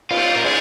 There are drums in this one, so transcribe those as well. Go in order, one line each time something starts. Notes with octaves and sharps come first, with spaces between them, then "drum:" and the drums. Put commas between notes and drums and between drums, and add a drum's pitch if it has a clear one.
F4, drum: cymbal
A#4
G#4, drum: cymbal